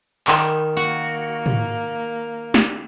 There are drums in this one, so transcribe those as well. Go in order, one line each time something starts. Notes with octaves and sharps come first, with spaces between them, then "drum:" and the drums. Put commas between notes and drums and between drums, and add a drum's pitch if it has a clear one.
D#3, drum: clap B5
A#3 F#4
drum: tom
drum: snare